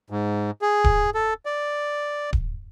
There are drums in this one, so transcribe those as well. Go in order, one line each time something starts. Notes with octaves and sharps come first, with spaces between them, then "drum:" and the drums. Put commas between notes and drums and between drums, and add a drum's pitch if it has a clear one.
G#2
G#4
drum: kick D1
A4
D5
drum: kick D1